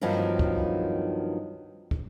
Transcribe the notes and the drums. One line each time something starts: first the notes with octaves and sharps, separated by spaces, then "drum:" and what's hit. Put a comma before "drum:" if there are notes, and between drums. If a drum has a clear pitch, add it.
G2 D#3 F3 F#3 A#3 C4
drum: kick
drum: kick